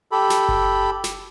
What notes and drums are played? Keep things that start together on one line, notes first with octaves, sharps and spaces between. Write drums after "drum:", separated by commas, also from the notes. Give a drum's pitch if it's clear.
G4 A4 B5
drum: snare
drum: kick F#1
drum: snare